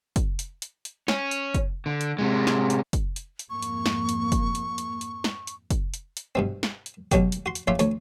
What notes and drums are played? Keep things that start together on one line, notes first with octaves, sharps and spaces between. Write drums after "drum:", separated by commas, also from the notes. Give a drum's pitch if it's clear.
drum: kick, hi-hat
drum: hi-hat
drum: hi-hat
drum: hi-hat
C#4, drum: snare
drum: hi-hat
drum: kick, hi-hat
D3
drum: hi-hat
C3 G#3
drum: snare
drum: hi-hat
drum: kick, hi-hat
drum: hi-hat
drum: hi-hat
F2 G#2 A#3 C#6
drum: hi-hat
drum: snare
drum: hi-hat
drum: kick, hi-hat
drum: hi-hat
drum: hi-hat
drum: hi-hat
drum: snare
drum: hi-hat
drum: kick, hi-hat
drum: hi-hat
drum: hi-hat
G2 B2 C4
drum: snare
drum: hi-hat
B1 B2 F#3 F#4 G4, drum: kick, hi-hat
drum: hi-hat
F#4 C6
drum: hi-hat
A#1 F4 C#5 E5 C6 D6
D2 C#5 C#6, drum: hi-hat